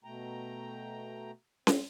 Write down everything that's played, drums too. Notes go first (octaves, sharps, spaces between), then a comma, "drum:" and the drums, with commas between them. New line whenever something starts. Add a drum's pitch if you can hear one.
B2 A3 G5 A#5
C4, drum: snare C#4